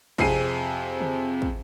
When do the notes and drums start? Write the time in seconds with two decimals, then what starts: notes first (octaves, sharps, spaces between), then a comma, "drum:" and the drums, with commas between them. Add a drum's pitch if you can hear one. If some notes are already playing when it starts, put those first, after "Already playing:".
0.18 F2 C3 G#4 C7 D#7, drum: kick
1.01 drum: tom
1.42 drum: kick